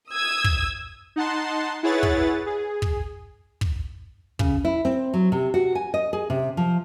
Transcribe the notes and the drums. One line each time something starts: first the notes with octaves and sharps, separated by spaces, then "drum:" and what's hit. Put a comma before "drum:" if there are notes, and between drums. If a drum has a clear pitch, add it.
D#6 E6 G#6
drum: kick
D#4 F#5 A5 C6
E4 G#4 B4 C#5 F#5 A6
drum: kick
G#4
drum: kick
drum: kick
C#3, drum: kick
E4
C4
F#3
C3
F#4
G#5
D#5
G#4
C3
F3